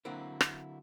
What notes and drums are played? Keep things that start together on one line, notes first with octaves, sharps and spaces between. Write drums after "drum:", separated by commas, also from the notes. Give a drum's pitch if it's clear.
D3 F#3 A#3 C4 E4
drum: rim click